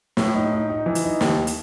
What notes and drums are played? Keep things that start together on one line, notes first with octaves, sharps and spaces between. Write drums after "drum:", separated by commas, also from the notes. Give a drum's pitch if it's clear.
A2, drum: snare
D#4
D#4
D#4
E3
drum: hi-hat
D#4
D#2, drum: snare
drum: hi-hat